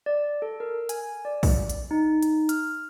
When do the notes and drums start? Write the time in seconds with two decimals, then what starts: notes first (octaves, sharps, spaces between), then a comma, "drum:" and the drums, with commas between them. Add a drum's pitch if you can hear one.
0.06 D5
0.42 A4
0.60 A#4
0.89 G#5, drum: hi-hat
1.25 D5
1.43 drum: kick, open hi-hat
1.69 drum: hi-hat
1.91 D#4
2.23 drum: hi-hat
2.49 F6, drum: hi-hat